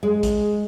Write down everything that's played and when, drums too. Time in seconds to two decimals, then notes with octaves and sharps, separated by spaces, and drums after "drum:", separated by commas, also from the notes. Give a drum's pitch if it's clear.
0.03 G#3
0.23 drum: kick, hi-hat